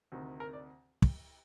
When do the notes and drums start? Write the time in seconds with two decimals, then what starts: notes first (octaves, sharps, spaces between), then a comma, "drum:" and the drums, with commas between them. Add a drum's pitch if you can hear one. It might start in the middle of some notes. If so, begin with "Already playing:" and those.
0.12 D2 C3 D#3
0.40 A#4
0.53 D5
1.02 drum: kick